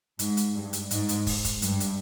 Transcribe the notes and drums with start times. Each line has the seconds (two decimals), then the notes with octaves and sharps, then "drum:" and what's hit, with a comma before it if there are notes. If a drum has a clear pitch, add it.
0.19 G#2, drum: hi-hat
0.37 drum: hi-hat
0.55 G2
0.73 drum: hi-hat
0.91 G#2, drum: hi-hat
1.09 drum: hi-hat
1.27 drum: kick, open hi-hat
1.44 drum: kick, hi-hat
1.62 G2, drum: hi-hat
1.80 drum: hi-hat